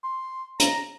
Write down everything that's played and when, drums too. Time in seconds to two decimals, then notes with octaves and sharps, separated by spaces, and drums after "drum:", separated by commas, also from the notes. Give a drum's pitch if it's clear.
0.04 C6
0.60 A#5, drum: hi-hat